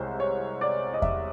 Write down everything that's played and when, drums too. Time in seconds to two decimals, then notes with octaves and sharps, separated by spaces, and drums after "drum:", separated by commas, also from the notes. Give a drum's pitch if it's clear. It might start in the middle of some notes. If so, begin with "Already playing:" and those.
Already playing: C2 C3 G#3 C5 C#5
0.20 C#5
0.61 D5
0.94 D#5
1.02 E5, drum: kick E2